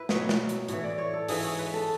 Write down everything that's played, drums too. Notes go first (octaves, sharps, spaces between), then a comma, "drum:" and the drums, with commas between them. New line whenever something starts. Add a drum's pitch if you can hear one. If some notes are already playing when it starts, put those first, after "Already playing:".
Already playing: E4 B4
B2 F#3 C#5, drum: snare
drum: snare
drum: hi-hat
A2 E3 C#5, drum: hi-hat
D5
C#5
A4
G#2 E3 G#4, drum: open hi-hat
C#5
B4
A4